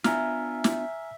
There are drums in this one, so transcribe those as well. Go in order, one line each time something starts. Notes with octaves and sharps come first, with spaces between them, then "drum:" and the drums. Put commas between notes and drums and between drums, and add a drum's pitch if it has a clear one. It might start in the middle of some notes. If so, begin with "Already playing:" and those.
B3 D4 F4 E5 G#5 A#5 F6, drum: snare
drum: snare